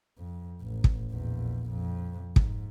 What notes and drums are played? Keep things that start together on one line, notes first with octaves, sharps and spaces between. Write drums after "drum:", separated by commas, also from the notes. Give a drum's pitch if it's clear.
F2
A1
drum: kick
A#1 E2
F2
G#2, drum: kick